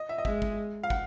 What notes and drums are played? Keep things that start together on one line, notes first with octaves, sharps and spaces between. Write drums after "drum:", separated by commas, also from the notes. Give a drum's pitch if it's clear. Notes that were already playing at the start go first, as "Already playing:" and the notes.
Already playing: D#5
E5
D#5
G#3 E5, drum: kick
drum: kick
F5
F#5, drum: kick